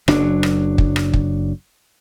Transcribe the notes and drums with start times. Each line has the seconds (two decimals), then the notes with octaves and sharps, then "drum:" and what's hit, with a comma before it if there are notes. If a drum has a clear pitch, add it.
0.08 F#1 F#3 D4, drum: rim click
0.43 drum: rim click
0.78 drum: kick
0.96 drum: rim click
1.13 drum: kick